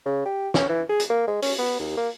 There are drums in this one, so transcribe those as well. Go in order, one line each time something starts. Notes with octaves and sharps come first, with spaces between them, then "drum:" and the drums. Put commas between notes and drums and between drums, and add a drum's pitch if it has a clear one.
C#3
G4
C#4, drum: snare
E3
G#4
drum: hi-hat
A#3
G#3
C#4, drum: open hi-hat
B3
D#2
A#3